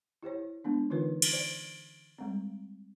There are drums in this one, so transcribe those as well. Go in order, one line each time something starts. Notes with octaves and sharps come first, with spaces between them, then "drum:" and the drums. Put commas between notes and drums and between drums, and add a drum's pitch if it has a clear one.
E4 G4 C5 C#5
G#3 B3 D4
D3 E3 D#4 F4 A#4 B4
drum: cymbal
C5 D5
G3 G#3 C4